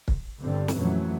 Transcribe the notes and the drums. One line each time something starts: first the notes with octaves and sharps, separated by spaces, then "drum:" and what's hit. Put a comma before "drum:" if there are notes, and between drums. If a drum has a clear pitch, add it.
drum: kick
G1 G2 D3 G3 C4
drum: snare
F2 A#2 E3 F#3 A3 C#4